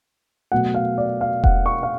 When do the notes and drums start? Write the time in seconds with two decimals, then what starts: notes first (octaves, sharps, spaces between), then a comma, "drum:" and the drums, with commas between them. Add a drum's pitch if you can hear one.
0.52 B2 F#3 A3 F#5
0.75 F5
0.98 D5
1.21 F5
1.44 F#5, drum: kick E1
1.66 C#6
1.83 F5